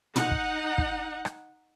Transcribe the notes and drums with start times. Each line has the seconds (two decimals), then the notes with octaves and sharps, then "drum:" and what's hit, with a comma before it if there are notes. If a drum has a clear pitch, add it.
0.16 D#4 F#5, drum: tom
0.31 drum: kick
0.78 drum: kick
1.25 drum: rim click